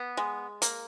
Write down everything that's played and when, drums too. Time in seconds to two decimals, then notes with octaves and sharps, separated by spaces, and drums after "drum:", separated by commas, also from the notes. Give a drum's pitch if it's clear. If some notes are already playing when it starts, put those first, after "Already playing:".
Already playing: B3
0.17 G#3
0.62 A#3, drum: hi-hat